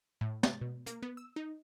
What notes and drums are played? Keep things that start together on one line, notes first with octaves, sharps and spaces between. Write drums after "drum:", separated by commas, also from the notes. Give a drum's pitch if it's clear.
A2
A6, drum: snare
B2
A#3, drum: hi-hat
B3
E6
D#4